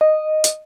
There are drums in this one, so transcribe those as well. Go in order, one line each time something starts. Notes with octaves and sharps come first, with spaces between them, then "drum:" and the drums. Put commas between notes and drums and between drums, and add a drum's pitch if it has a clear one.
D#5
drum: hi-hat